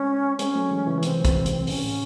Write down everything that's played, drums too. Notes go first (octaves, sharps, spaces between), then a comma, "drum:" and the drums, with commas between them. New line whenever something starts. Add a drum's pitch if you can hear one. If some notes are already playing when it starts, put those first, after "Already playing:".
Already playing: G#3 C4 C#4
G#3 C4 C#4, drum: hi-hat
F#3 A3
E3 G#3
C#3 E3
E3
C3 D#3 C4, drum: hi-hat
drum: kick, hi-hat
C3
drum: hi-hat
A2 C#4, drum: open hi-hat
A2